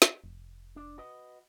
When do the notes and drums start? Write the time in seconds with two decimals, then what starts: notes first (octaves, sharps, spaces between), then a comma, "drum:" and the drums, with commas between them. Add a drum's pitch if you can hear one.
0.02 drum: snare
0.24 F1
0.76 D4
0.98 F#4 B4 D#5